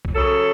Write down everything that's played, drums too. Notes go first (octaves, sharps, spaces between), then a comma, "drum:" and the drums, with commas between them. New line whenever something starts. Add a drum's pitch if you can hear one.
drum: kick B1
C#3 F#3 A4